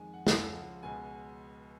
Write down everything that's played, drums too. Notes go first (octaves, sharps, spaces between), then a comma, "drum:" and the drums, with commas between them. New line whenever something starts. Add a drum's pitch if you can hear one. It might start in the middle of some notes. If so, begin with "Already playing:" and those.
Already playing: F2 D#3 G#3 G#5
F#5
C#2 C#3 F3 G#3 F#5, drum: snare
F#5
C#2 B2 G#3 G#5